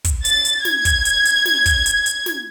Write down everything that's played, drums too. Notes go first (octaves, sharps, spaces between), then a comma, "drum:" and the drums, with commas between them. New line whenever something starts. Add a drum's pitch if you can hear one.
drum: kick, hi-hat
A6, drum: hi-hat
drum: hi-hat
G#6, drum: snare
drum: kick, hi-hat
drum: hi-hat
drum: hi-hat
drum: snare
drum: kick, hi-hat
drum: hi-hat
drum: hi-hat
drum: snare